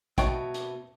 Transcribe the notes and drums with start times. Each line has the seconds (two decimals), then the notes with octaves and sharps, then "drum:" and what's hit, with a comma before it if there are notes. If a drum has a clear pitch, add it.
0.18 B2 D#4 C#5 E5 G5 A5 C#6, drum: kick, hi-hat
0.54 drum: hi-hat